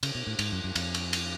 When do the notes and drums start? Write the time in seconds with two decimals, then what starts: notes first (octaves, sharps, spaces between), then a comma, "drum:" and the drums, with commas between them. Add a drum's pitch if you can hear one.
0.03 C#3, drum: cymbal
0.15 B2
0.27 A2
0.39 G#2, drum: cymbal
0.52 F#2
0.64 F#2
0.75 F2, drum: cymbal
0.94 drum: cymbal
1.13 drum: cymbal